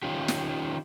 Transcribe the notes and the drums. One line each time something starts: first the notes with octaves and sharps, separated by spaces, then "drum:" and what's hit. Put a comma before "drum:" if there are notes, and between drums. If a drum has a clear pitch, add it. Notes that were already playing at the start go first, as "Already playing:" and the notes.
D#3 C#4 F4 G4
drum: snare